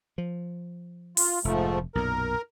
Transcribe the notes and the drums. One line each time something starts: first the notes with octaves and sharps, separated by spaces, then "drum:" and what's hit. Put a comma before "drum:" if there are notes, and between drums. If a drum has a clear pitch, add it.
F3
F4, drum: open hi-hat
F1 G#2 F3 A3
B1 F#2 A#2 A#4